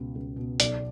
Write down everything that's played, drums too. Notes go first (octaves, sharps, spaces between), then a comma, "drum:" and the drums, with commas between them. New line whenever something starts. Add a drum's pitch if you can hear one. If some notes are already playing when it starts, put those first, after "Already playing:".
Already playing: C#2 B2
C#2
B2
B1 D5, drum: hi-hat